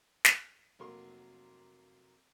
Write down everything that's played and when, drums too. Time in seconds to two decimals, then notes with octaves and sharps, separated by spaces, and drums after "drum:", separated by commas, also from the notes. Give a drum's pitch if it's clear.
0.25 drum: snare
0.79 F1 F#3 A#3 A#4 C6